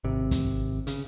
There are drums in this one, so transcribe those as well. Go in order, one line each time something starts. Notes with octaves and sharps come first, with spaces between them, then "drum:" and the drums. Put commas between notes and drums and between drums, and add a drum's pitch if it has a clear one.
G#1 C3
drum: kick, hi-hat
C#3, drum: hi-hat